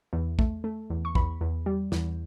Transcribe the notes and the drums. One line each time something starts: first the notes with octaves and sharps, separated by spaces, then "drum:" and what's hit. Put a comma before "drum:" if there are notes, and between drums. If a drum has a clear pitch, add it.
E2
A3, drum: kick
A3
E2
C#6
E2 B5, drum: kick
E2
G3
E2, drum: snare